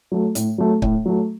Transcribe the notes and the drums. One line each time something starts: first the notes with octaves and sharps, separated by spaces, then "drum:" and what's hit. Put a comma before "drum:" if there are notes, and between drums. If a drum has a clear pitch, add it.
F#3 A3
A2, drum: hi-hat
F#3 A3
A2, drum: kick
F#3 A3